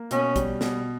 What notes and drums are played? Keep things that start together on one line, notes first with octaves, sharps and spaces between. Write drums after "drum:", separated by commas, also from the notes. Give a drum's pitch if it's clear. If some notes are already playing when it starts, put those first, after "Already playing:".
Already playing: A#3
B2 C#4, drum: hi-hat
G3, drum: kick, hi-hat
B2, drum: snare